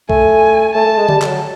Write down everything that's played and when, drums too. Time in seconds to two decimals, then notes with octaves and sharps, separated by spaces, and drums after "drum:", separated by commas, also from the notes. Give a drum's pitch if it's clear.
0.10 A3 G#5, drum: kick B1
0.75 A3 A5
0.86 A3
0.98 G#3
1.09 G3, drum: tom D3
1.22 G3, drum: clap
1.26 F#3